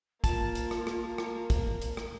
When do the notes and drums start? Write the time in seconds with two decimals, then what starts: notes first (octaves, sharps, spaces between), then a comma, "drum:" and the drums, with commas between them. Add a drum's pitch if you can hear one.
0.24 A#3 F4 A5, drum: kick, hi-hat
0.55 drum: hi-hat
0.71 drum: rim click
0.87 drum: rim click
1.18 drum: rim click
1.50 drum: kick, hi-hat
1.82 drum: hi-hat
1.97 drum: rim click